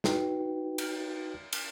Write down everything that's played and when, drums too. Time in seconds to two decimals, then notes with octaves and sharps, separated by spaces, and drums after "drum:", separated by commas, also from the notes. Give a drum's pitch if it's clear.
0.04 D#4 F#4 B4 G5, drum: snare
0.78 drum: cymbal
1.53 drum: cymbal